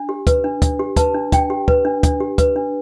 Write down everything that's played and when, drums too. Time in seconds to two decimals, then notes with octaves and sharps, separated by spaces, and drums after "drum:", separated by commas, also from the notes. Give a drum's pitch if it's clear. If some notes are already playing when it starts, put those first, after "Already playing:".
Already playing: D4
0.09 G4
0.27 B4, drum: kick, hi-hat
0.44 D4
0.62 D4, drum: kick, hi-hat
0.79 G4
0.96 B4 A5, drum: kick, hi-hat
1.14 D4
1.32 D4 G5, drum: kick, hi-hat
1.50 G4
1.68 B4, drum: kick
1.85 D4
2.03 D4, drum: kick, hi-hat
2.20 G4
2.38 B4, drum: kick, hi-hat
2.56 D4